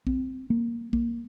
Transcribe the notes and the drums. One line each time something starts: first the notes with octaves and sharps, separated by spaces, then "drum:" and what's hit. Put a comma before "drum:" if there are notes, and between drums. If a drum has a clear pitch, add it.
C4, drum: kick A#1
A#3
A#3, drum: kick A#1